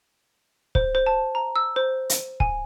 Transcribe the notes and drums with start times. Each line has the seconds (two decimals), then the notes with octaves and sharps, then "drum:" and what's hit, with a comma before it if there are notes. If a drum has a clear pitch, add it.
0.75 C5, drum: kick
0.95 C5
1.06 A5
1.35 A#5
1.56 E6
1.76 C5
2.10 drum: hi-hat
2.40 G#5, drum: kick